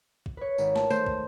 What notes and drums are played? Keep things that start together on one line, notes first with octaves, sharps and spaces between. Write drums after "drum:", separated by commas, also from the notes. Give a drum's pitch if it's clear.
drum: kick
B4 C#5
G#1, drum: tambourine
A5, drum: snare
A3 C5, drum: tambourine
drum: kick